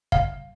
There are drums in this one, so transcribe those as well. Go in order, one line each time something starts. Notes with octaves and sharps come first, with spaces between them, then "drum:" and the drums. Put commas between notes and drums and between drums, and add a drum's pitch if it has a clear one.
F5, drum: kick